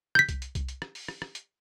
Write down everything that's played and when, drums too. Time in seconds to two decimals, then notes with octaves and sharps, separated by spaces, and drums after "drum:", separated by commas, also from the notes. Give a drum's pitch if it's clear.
0.15 G6 B6, drum: rim click
0.29 drum: kick C2, hi-hat
0.42 drum: hi-hat
0.55 drum: kick C2, hi-hat
0.69 drum: hi-hat
0.82 drum: rim click
0.95 drum: open hi-hat
1.08 drum: rim click
1.22 drum: rim click
1.35 drum: hi-hat